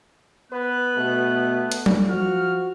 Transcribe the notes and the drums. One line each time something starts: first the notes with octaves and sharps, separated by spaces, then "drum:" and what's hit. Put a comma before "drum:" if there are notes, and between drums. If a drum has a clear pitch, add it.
B3 B4 F#6
B2 A3
drum: hi-hat
drum: tom F#3
F3 F#4 F6